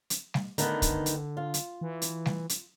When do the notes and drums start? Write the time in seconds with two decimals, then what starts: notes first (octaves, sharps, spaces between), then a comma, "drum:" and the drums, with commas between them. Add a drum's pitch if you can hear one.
0.10 drum: hi-hat
0.34 drum: snare G3
0.58 D3 D#3 A3 B3, drum: hi-hat
0.82 drum: kick, hi-hat
1.06 drum: hi-hat
1.37 F4
1.54 drum: hi-hat
1.81 E3
2.02 drum: hi-hat
2.26 drum: snare G3
2.49 drum: hi-hat